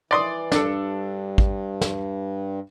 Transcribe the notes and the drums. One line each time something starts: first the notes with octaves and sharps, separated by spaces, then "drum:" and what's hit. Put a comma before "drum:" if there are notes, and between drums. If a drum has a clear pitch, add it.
E3 D5 C6 D#6
G2 D4 A4, drum: snare
drum: kick
drum: snare